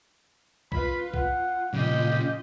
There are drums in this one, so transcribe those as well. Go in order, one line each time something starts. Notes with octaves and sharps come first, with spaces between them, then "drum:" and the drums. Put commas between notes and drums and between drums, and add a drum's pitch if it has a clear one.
F4 B4 B5, drum: kick B1
F4 F#5, drum: kick B1
A#2 C#3 F4 G4 D#5, drum: tom F3